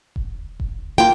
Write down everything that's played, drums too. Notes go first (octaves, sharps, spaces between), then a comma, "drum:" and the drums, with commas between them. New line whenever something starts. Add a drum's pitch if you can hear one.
drum: kick E1
drum: kick E1
A#3 F4 G5